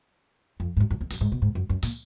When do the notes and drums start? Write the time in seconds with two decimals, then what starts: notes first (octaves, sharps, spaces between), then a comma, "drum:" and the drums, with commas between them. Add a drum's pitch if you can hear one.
0.60 F2
0.77 G#2
0.80 F#2
0.90 F#2
1.01 F2
1.11 F#2, drum: open hi-hat
1.21 G#2
1.32 B2
1.42 G#2
1.55 F#2
1.69 F#2
1.83 A#2, drum: open hi-hat